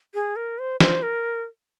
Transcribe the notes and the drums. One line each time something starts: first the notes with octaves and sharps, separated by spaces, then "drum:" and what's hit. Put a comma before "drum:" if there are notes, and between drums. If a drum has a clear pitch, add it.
G#4
A#4
C5
C5, drum: snare
A#4